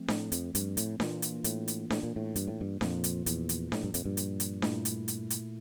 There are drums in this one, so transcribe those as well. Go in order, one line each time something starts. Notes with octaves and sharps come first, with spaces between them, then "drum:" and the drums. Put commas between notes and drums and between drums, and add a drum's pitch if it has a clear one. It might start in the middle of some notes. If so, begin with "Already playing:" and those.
Already playing: F3 A3 C4
A2, drum: snare D4
F2, drum: hi-hat
G2, drum: hi-hat
A2, drum: hi-hat
A#2 E3 A#3 D4 F4, drum: snare D4
drum: hi-hat
A2, drum: hi-hat
drum: hi-hat
A2, drum: snare D4
A#2
A2
G2, drum: hi-hat
A2
G2
F2 A#2 F3 A#3 F4, drum: snare D4
drum: hi-hat
E2, drum: hi-hat
drum: hi-hat
A2, drum: snare D4
G2
F2, drum: hi-hat
G2
drum: hi-hat
drum: hi-hat
A#2 A3 E4, drum: snare D4
drum: hi-hat
drum: hi-hat
drum: hi-hat